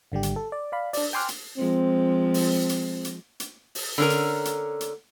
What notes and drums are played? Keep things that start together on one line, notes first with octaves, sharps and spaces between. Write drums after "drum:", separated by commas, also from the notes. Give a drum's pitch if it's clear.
G#1 D3 G3 G4
drum: hi-hat
A4
D5
D5 F5 B5
D4 D5, drum: open hi-hat
G5 G#5 C6 D6 F6 F#6
drum: hi-hat
F3 G#3 C4
drum: open hi-hat
drum: hi-hat
drum: hi-hat
drum: hi-hat
drum: open hi-hat
D3 C#4 A#4
drum: hi-hat
drum: hi-hat
drum: hi-hat